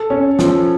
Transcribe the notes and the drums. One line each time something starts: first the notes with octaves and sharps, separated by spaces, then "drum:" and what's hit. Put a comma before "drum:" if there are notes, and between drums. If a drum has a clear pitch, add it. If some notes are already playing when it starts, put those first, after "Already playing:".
Already playing: A4
C#4
F3, drum: snare